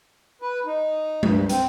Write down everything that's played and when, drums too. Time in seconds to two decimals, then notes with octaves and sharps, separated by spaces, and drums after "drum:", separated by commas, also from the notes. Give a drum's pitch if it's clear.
0.42 B4
0.66 D#4
1.23 G2, drum: tom G#3
1.49 C4, drum: hi-hat